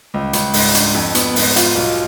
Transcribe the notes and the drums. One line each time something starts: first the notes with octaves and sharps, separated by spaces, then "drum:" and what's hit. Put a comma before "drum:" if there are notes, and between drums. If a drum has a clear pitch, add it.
C#2
C#2, drum: hi-hat
G#2, drum: open hi-hat
D4, drum: hi-hat
F2
B3, drum: hi-hat
G#2, drum: open hi-hat
F4, drum: hi-hat
B1